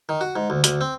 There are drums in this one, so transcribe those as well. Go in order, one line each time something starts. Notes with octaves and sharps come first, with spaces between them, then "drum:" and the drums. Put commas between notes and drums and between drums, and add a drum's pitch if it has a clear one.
D#3
F#4
G#2
D2
D2, drum: hi-hat
C4